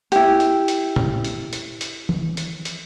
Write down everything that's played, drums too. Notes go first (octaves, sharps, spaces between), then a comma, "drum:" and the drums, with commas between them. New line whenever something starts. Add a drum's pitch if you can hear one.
E4 G4, drum: hi-hat
drum: hi-hat
drum: hi-hat
drum: tom A#2
drum: hi-hat
drum: hi-hat
drum: hi-hat
drum: tom E3
drum: hi-hat
drum: hi-hat